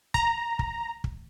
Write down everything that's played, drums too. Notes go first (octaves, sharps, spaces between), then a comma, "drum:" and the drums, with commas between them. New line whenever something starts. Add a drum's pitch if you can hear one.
A#5, drum: kick
drum: kick
drum: kick